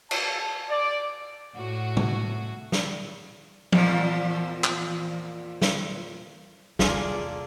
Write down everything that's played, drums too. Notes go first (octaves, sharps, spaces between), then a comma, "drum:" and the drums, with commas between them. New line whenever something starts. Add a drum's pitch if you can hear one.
A5, drum: cymbal
D5
A2 F#4
drum: tom
drum: snare
E2 A#2 F3, drum: tom F3
drum: clap
drum: snare
E2 C3 A#3 F4 G#4 A4 D5 G#5, drum: snare